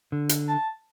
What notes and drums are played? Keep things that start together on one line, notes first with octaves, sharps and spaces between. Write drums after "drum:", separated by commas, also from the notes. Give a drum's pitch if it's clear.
D3
drum: hi-hat
A5